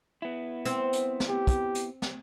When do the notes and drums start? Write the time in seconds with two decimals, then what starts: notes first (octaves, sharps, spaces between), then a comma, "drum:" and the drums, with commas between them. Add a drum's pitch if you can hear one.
0.22 B3 E4
0.65 C4, drum: hi-hat
0.93 drum: hi-hat
1.20 drum: snare
1.29 G4
1.47 drum: kick, hi-hat
1.75 drum: hi-hat
2.02 drum: snare